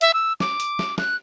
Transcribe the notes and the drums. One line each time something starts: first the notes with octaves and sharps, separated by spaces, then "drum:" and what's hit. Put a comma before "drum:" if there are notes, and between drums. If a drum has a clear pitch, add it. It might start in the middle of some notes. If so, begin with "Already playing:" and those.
E5, drum: hi-hat
E6
D6, drum: snare
drum: hi-hat
drum: snare
F#6, drum: snare